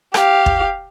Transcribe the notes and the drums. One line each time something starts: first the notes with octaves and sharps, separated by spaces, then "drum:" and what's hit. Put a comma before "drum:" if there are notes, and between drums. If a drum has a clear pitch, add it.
G4 F5, drum: rim click
drum: kick